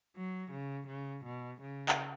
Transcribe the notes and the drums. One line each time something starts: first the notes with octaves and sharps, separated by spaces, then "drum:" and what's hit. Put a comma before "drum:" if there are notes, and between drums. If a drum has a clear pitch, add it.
F#3
C#3
C#3
B2
C#3
drum: clap